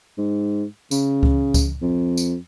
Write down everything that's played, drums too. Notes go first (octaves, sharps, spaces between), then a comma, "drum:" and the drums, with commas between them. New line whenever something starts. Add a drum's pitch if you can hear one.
G#2
C#3, drum: tambourine
drum: kick C#2
drum: kick C#2, tambourine
F2
drum: tambourine